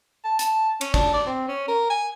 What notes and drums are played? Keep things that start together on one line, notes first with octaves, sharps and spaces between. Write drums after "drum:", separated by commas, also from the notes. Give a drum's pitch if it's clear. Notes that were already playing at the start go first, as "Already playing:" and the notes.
A5
A5, drum: hi-hat
C#4, drum: cymbal
D4, drum: kick
D5
C4
C#4
A#4
G#5